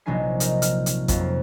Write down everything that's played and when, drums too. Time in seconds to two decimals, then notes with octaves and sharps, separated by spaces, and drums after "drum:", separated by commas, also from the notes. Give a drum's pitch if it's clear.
0.06 A#1 C3 F#3 D#4 G#5 C7
0.40 D#4 A#4, drum: hi-hat
0.62 F6, drum: hi-hat
0.86 drum: hi-hat
1.08 F2 C3 F#3 A#3 F4, drum: kick, hi-hat